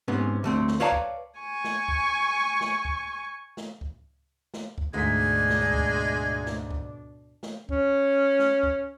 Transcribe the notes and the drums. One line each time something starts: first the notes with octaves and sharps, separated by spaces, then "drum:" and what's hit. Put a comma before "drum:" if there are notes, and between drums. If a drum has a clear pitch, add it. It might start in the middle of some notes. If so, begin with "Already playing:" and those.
G#2 C3 B3 C#4
D2 A3 C4
drum: snare
B4 C#5 D5 F5 A5 A#5
drum: kick C#2
G#5 C#6
drum: snare
drum: kick C#2
drum: snare
drum: kick C#2
drum: snare
drum: kick C#2
drum: snare
drum: kick C#2
D2 G#2 B2 G#3 D4 G#5 B6
drum: snare
drum: kick C#2
drum: snare
drum: kick C#2
drum: snare
C#4, drum: kick C#2
drum: snare
drum: kick C#2